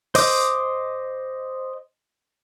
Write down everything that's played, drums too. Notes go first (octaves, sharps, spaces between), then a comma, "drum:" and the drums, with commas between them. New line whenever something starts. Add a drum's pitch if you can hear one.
C5 D#5 D6, drum: open hi-hat